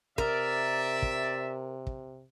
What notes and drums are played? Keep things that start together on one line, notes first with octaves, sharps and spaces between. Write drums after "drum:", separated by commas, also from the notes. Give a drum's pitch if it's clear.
C3 A#4 D5 E5, drum: kick
drum: kick
drum: kick